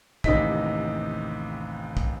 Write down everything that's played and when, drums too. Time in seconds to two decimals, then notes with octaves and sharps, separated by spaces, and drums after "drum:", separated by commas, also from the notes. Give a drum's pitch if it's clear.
0.24 A1 D#2 C3 D#4 D#5 B6, drum: kick
1.97 drum: kick